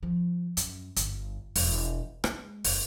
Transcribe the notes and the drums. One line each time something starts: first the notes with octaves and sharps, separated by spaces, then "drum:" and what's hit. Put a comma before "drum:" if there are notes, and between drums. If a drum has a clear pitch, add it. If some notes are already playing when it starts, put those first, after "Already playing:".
F3
F#2, drum: hi-hat
G1, drum: hi-hat
E1, drum: open hi-hat
G#3, drum: rim click
F#1, drum: open hi-hat